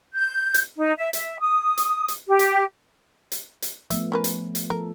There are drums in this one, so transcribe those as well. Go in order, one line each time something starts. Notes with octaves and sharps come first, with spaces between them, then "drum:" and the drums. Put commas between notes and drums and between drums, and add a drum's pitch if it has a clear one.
G6
drum: hi-hat
D#4
E5
E5, drum: hi-hat
D#6
drum: hi-hat
drum: hi-hat
G4
drum: hi-hat
drum: hi-hat
drum: hi-hat
F3 A3 B3 E5, drum: hi-hat
C#4 A#4 B4
drum: hi-hat
drum: hi-hat
F3 A4 A#4